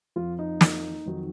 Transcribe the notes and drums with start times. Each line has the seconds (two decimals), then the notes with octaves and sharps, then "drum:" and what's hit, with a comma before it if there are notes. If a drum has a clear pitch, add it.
0.16 F2 F3 F4
0.39 D#4
0.61 drum: snare
1.06 F2 D#3 F#3